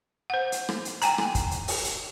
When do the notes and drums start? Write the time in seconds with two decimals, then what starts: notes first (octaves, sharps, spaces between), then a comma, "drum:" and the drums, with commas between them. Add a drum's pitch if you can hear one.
0.30 C5 F#5
0.52 drum: hi-hat
0.69 drum: rim click
0.85 drum: hi-hat
1.02 G5 G#5 A#5, drum: hi-hat
1.18 drum: rim click
1.35 drum: kick, hi-hat
1.51 drum: hi-hat
1.68 drum: open hi-hat
1.84 drum: hi-hat